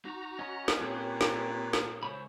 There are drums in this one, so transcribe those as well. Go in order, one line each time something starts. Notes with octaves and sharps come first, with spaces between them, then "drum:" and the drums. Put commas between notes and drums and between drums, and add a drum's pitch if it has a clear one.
D#4 F#4 A#5
C#4 D#5
drum: snare
A#2 C4 G4 B4 C#5
drum: snare
drum: snare
C#2 C5 C#5 B5